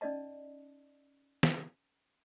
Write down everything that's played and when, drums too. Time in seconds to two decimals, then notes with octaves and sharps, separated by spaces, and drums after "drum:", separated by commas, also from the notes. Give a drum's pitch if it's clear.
0.01 C#4 D#4 D5 D#5 A5
1.43 drum: snare